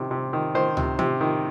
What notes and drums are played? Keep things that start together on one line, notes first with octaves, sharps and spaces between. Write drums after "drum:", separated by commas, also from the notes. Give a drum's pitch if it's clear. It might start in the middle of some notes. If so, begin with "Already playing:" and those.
Already playing: C3 D#3
C3
D#3
D#3 C5
C3, drum: tom
C3, drum: tom D#3
D#3